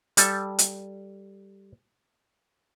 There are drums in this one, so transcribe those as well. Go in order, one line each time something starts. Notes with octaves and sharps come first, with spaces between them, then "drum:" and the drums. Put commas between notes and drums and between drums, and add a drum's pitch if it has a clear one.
G3 A4, drum: hi-hat
drum: hi-hat